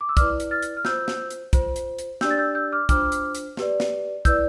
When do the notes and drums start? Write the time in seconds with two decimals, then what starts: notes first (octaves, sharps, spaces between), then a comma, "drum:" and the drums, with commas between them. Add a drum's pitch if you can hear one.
0.01 D6
0.09 E6
0.17 E4 B4 D5 D6 F6, drum: kick, hi-hat
0.40 drum: hi-hat
0.51 F6 A6
0.62 drum: hi-hat
0.77 F6
0.85 F4 C5 E6 G6, drum: snare
1.08 drum: snare
1.30 drum: hi-hat
1.53 F4 C5, drum: kick, hi-hat
1.76 drum: hi-hat
1.98 drum: hi-hat
2.21 D4 G4 D5 E6 G6, drum: snare
2.30 A6
2.38 E6 G6
2.55 E6 G6
2.72 D6 F6
2.89 D4 F4 C5 D6 F6, drum: kick, hi-hat
3.12 drum: hi-hat
3.35 drum: hi-hat
3.57 G4 B4 D5, drum: snare
3.80 drum: snare
4.25 E4 B4 D5 E6 G6, drum: kick, hi-hat